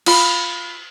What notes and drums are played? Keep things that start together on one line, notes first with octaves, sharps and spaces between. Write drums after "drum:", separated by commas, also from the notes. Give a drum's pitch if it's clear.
F4 B5, drum: cymbal